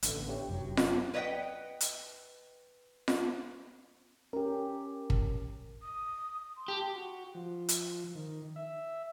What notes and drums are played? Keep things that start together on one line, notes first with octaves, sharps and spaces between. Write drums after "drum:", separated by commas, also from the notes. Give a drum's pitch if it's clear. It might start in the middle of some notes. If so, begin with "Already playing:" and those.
A1 D3 B3, drum: hi-hat
G4 C#5 G5
F1 F#2 F#3
drum: snare F4
B4 C#5 D#5 E5 F#5 G5
drum: hi-hat
drum: snare F4
C#4 G4 A#4
drum: kick
D#6
C6
G4 A5
F#4
F3
drum: hi-hat
D#3
E5